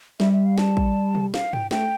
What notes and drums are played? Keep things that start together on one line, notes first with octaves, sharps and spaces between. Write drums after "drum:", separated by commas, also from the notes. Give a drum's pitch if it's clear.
G3 E5, drum: snare
E5
F5
A5, drum: snare
drum: kick
drum: tom
F5, drum: snare
G5, drum: tom
A3 G5, drum: snare